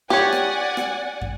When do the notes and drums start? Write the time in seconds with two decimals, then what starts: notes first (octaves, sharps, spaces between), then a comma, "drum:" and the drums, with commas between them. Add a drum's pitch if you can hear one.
0.10 G4 C#5 D5 F#5 G#5
0.33 drum: rim click
0.77 drum: rim click
1.21 drum: kick